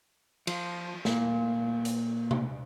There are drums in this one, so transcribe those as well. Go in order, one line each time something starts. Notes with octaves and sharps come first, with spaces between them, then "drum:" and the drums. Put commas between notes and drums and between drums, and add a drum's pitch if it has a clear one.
F3, drum: cymbal
A#2, drum: snare
drum: hi-hat
drum: tom C3